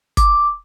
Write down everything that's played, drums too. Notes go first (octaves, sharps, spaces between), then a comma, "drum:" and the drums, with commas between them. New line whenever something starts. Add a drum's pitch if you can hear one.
D6, drum: kick, hi-hat